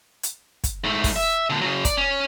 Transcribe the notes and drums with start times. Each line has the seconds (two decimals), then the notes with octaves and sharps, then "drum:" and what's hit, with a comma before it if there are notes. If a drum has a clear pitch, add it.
0.23 drum: hi-hat
0.64 drum: kick, hi-hat
0.84 G#2 A3
1.04 drum: kick, open hi-hat
1.16 E5
1.50 A#2 D3
1.61 C#3 F#3
1.85 D5, drum: kick, hi-hat
1.97 C#4